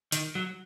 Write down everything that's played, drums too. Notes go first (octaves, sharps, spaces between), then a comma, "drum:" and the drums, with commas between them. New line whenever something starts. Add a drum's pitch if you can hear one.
D#3, drum: hi-hat
F#3